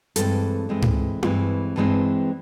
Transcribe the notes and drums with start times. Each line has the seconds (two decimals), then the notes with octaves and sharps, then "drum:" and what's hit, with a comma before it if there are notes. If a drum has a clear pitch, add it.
0.16 G2 E3 G#3 C4 A4, drum: hi-hat
0.69 G2 E3 G#3 C4
0.82 drum: tom G#2
1.23 G2 E3 G#3 C4, drum: tom E4
1.76 G2 E3 G#3 C4